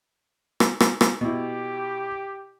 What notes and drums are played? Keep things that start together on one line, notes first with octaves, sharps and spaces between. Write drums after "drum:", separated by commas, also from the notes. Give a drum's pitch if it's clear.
drum: rim click
drum: rim click
drum: rim click
B2 E4 G4